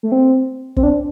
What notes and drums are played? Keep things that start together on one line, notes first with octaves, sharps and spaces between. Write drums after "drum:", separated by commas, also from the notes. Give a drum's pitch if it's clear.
A3
C4
C4, drum: kick
D4